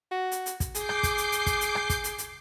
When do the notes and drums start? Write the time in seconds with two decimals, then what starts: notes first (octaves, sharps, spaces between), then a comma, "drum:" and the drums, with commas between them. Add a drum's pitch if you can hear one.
0.11 F#4
0.32 drum: hi-hat
0.46 drum: hi-hat
0.60 drum: kick, hi-hat
0.75 G#4 D6 G6 C7, drum: hi-hat
0.89 drum: rim click
1.03 drum: kick, hi-hat
1.18 drum: hi-hat
1.32 drum: hi-hat
1.46 drum: kick, hi-hat
1.61 drum: hi-hat
1.75 drum: rim click
1.90 drum: kick, hi-hat
2.04 drum: hi-hat
2.18 drum: hi-hat